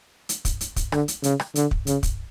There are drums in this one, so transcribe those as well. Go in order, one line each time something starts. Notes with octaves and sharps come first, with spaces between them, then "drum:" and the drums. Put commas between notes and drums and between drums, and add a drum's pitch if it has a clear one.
drum: hi-hat
drum: kick, hi-hat
drum: hi-hat
drum: kick, hi-hat
D3, drum: rim click
drum: hi-hat
C#3, drum: hi-hat
drum: rim click
D3, drum: hi-hat
drum: kick
C#3, drum: hi-hat
drum: kick, hi-hat